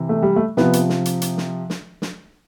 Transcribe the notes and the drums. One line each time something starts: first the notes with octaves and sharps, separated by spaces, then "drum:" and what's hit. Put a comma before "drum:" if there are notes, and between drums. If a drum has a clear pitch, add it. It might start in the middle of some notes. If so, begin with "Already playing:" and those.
Already playing: C3 E3
A3
G3
A3
C3 F3 B3, drum: snare
drum: hi-hat
drum: snare
drum: hi-hat
drum: hi-hat
drum: snare
drum: snare
drum: snare